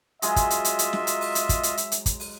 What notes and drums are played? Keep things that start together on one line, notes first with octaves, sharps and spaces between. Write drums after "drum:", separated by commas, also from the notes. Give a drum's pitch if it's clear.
F#3 G#3 F4 D#5 E5 A#5, drum: hi-hat
drum: kick, hi-hat
drum: hi-hat
drum: hi-hat
drum: hi-hat
drum: snare
drum: hi-hat
drum: open hi-hat
drum: hi-hat
drum: kick, hi-hat
drum: hi-hat
drum: hi-hat
drum: hi-hat
drum: kick, hi-hat
drum: open hi-hat